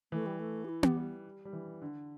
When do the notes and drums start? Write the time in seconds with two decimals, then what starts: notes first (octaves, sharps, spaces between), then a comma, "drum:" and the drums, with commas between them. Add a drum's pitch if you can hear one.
0.12 E3 A3
0.26 G3
0.40 A3
0.65 G4
0.69 E4
0.83 G4, drum: tom B3
0.96 G3
1.45 G3
1.53 E3
1.82 D3